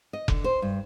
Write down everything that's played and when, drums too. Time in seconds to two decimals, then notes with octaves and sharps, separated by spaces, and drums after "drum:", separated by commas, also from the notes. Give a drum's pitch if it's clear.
0.13 D#5
0.28 D3, drum: kick F1
0.44 C5
0.62 G2